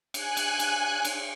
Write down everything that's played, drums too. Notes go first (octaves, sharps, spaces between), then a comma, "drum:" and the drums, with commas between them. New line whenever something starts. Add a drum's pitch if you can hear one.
G#5 F#6, drum: cymbal
drum: cymbal
drum: cymbal
drum: cymbal